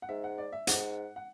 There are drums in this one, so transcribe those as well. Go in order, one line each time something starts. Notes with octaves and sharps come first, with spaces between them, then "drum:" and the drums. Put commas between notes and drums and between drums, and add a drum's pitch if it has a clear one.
F#5
G#2 E5
F#5
D5
E5
G#2 F#5, drum: hi-hat
F#5